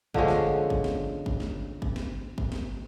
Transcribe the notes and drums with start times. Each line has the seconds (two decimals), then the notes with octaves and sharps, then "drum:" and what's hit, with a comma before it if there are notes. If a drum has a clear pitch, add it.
0.14 D3 F3 G#3 C#4, drum: kick
0.28 drum: snare
0.70 drum: kick
0.84 drum: snare
1.26 drum: kick
1.40 drum: snare
1.82 drum: kick
1.96 drum: snare
2.38 drum: kick
2.52 drum: snare